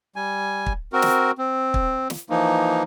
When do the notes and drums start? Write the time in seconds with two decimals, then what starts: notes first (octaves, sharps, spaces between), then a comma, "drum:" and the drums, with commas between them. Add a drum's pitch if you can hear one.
0.16 G3 G#5
0.66 drum: kick
0.93 C4 F#4 A#4
1.02 drum: snare
1.38 C4
1.74 drum: kick
2.10 drum: snare
2.30 E3 F3 A#3 D#4